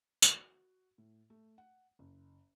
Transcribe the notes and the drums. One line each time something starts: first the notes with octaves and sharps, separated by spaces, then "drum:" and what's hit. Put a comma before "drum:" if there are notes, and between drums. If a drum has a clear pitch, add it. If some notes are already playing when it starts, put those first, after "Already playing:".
F#4, drum: tambourine
A2
A3
F#5
F#1